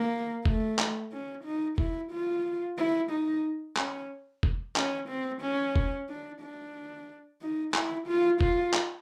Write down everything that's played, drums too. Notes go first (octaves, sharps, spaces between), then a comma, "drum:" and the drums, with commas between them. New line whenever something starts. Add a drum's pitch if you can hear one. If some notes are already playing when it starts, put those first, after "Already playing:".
Already playing: A#3
A3, drum: kick F1
drum: clap
C#4
D#4
E4, drum: kick F1
F4
E4
D#4
C#4, drum: clap
drum: kick F1
C#4, drum: clap
C4
C#4
drum: kick F1
D4
D4
D#4
E4, drum: clap
F4
F4, drum: kick F1
drum: clap